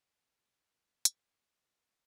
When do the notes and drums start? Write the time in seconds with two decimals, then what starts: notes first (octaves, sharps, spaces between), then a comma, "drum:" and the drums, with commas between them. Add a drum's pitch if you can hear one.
0.18 B2
0.47 A#3
0.75 B2
1.05 A#3, drum: hi-hat
1.34 A#3
1.63 A#3